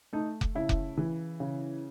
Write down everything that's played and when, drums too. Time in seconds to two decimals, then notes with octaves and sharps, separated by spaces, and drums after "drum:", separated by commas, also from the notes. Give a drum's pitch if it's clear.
0.13 A3 D#4
0.41 drum: kick F1
0.55 C#3 E4
0.69 drum: kick F1
0.97 E3
1.40 C#3